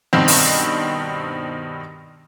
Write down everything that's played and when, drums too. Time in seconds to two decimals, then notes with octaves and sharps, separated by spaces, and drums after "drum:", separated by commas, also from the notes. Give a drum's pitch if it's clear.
0.13 G2 B2 D#3 C4
0.28 drum: open hi-hat